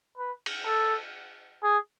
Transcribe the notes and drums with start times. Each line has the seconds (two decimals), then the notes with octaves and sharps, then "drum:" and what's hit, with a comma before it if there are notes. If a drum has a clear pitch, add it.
0.18 B4
0.46 drum: cymbal
0.66 A4
1.63 G#4